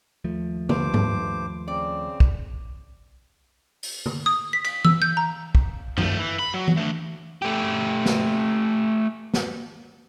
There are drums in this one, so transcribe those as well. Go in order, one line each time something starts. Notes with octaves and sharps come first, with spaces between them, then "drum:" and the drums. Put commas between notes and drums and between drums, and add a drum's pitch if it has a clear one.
D#2 F3 A3
G2 D#3 C5 D6, drum: tom
drum: tom G#2
C#3 C4 D5
drum: kick
drum: open hi-hat
drum: tom
D#6
B6
B6, drum: cymbal
E6, drum: tom E3
G6
A#5
drum: kick
F3 A3, drum: tom F#2
E3
B5
F#3
drum: tom E3
A3 D4
A3 G4
drum: snare
drum: snare